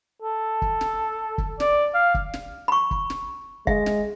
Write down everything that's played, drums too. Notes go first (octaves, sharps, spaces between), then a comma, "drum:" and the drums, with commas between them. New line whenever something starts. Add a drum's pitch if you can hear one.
A4
drum: kick
drum: snare
drum: kick
D5, drum: snare
F5
drum: kick
drum: snare
B5 C#6
drum: kick
drum: snare
G#3 E5, drum: kick
drum: snare